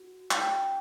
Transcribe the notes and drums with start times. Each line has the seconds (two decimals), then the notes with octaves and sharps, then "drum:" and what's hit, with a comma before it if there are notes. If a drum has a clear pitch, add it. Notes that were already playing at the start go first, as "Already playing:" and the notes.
Already playing: F#4
0.31 D4 G5, drum: clap